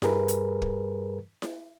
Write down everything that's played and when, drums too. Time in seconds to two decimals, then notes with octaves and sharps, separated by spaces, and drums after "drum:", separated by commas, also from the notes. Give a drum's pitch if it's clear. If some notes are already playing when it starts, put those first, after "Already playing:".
0.02 G2 G3 G#4 A#4 B4, drum: snare E4
0.28 drum: hi-hat
0.62 drum: kick
1.42 drum: snare E4